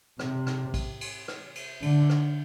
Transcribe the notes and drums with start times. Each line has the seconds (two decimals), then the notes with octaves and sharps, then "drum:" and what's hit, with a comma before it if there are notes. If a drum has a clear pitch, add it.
0.19 C3, drum: rim click
0.47 drum: rim click
0.74 drum: kick A#1, cymbal
1.01 drum: cymbal
1.28 drum: rim click
1.55 drum: cymbal
1.82 D3, drum: cymbal
2.10 drum: rim click